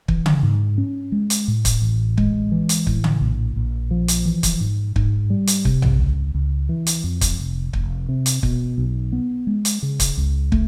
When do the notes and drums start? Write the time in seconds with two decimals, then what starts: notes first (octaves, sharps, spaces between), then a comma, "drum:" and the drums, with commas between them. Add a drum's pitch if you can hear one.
0.08 E3, drum: kick
0.26 drum: tom C#3
0.43 G#2
0.78 C#4
1.12 G#3
1.30 drum: hi-hat
1.48 A2
1.65 drum: kick, hi-hat
1.82 A1
2.18 G#3, drum: kick
2.52 E3
2.69 drum: hi-hat
2.87 A2, drum: kick
3.04 drum: tom C#3
3.21 A#1
3.56 A#1
3.91 F3
4.08 drum: hi-hat
4.25 E3
4.43 drum: kick, hi-hat
4.61 G#2
4.96 G#2, drum: kick
5.30 G3
5.47 drum: hi-hat
5.65 C3, drum: kick
5.82 drum: tom A#1
5.99 C#2
6.34 C#2
6.69 E3
6.87 drum: hi-hat
7.04 F2
7.21 drum: kick, hi-hat
7.39 F1
7.73 F1, drum: kick
8.09 C3
8.26 drum: hi-hat
8.43 B2, drum: kick
8.78 B1
9.12 B3
9.47 G#3
9.65 drum: hi-hat
9.83 C#3
10.00 drum: kick, hi-hat
10.17 C#2
10.52 A3, drum: kick